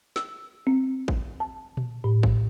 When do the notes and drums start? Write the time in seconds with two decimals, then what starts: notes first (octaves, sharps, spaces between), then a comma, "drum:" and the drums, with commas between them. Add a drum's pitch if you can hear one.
0.16 E6, drum: snare
0.67 C4
1.08 drum: kick
1.40 A5
1.77 drum: tom A#2
2.04 A2
2.23 drum: kick